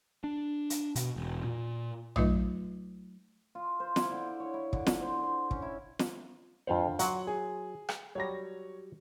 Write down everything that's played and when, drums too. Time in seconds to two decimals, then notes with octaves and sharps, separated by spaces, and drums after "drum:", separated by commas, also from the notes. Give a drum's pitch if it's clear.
0.24 D4
0.70 drum: hi-hat
0.96 B2, drum: hi-hat
1.16 E1
1.44 A#2
2.16 F#3 A3 D#4 F4 B4 D#5, drum: tom A#1
3.55 F4
3.80 C5
3.96 E4, drum: snare
4.11 D3
4.40 C#5
4.54 E4
4.73 D3, drum: kick
4.87 drum: snare
5.01 C5
5.23 C6
5.51 C#4, drum: kick
5.62 E4
5.99 drum: snare
6.67 F2 D3 F4 C5 F5 F#5
6.99 F#3 F#5 C6, drum: hi-hat
7.27 G#4
7.89 drum: rim click
8.15 F#3 G3 C#5 A#6